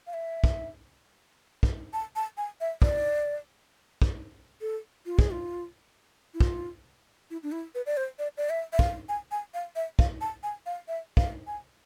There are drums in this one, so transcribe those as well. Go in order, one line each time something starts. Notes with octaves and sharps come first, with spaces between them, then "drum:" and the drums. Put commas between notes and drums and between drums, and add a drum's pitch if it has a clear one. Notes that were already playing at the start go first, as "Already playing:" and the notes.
F5
E5
drum: kick
drum: kick
A5
A5
G#5
E5
D5, drum: kick
drum: kick
A4
F4
G#4, drum: kick
F4
E4
F4, drum: kick
E4
D4
E4
B4
D5
C5
D5
D5
E5
E5
F5, drum: kick
G#5
G#5
F5
E5
F5, drum: kick
A5
G#5
F5
E5
F5, drum: kick
G#5